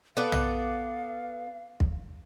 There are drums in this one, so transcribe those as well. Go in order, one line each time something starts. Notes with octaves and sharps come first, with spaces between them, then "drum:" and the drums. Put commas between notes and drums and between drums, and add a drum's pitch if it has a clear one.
B3 A4 D5 F5
drum: tom
drum: kick